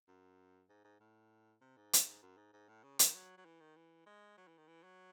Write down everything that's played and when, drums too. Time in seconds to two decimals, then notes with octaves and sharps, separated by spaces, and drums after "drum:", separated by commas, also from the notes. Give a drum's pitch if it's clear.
0.08 F#2
0.69 G#2
0.84 G#2
1.00 A2
1.61 C3
1.77 G#2
1.93 drum: hi-hat
2.22 F#2
2.37 G#2
2.53 G#2
2.68 A2
2.84 C#3
2.99 D#3, drum: hi-hat
3.14 F#3
3.37 F#3
3.45 E3
3.60 D#3
3.76 E3
4.06 G#3
4.37 F#3
4.48 E3
4.57 D#3
4.67 E3
4.83 F#3